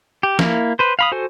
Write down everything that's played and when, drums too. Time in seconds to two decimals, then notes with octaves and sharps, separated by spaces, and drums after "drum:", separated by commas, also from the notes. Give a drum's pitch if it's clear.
0.23 G4
0.39 A#3 E4, drum: snare
0.79 B4 C5
0.99 F5 B5 D#6
1.12 F#4 A4 C5 G#5